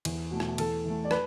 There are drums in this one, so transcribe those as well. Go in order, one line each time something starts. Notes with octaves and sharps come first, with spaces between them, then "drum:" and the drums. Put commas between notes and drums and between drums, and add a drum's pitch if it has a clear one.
E2, drum: cymbal
B2 A3
drum: rim click
E2 A4, drum: cymbal
E3 A3
D5
B4, drum: rim click